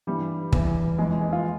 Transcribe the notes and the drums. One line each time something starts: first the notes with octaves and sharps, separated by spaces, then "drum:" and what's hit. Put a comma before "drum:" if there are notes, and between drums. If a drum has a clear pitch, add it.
G2 E3 G3
E2 E3, drum: kick
F2 E3 G#3
G#3
G#3
F4